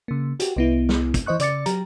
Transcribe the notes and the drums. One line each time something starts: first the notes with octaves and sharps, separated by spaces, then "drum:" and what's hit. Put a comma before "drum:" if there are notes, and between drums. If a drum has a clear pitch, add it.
C#3 A#3
F#4 G4, drum: hi-hat
C2 B3 E4
drum: snare
drum: kick, hi-hat
E3 C5 D#5 C#6 F#6
C#3 D5 D6 A6 C#7, drum: hi-hat
F#3 G4 A#5, drum: hi-hat